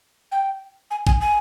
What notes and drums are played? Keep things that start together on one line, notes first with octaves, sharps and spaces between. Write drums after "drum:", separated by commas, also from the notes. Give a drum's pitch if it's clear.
G5
G#5
G#5, drum: kick
G#5